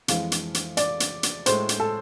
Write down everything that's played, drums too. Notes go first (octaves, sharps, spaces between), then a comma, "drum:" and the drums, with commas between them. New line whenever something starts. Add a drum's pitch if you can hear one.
F2 E3 G#3 F5, drum: hi-hat
drum: hi-hat
drum: hi-hat
D5, drum: hi-hat
drum: hi-hat
drum: hi-hat
A2 G#3 C5, drum: hi-hat
drum: hi-hat
A4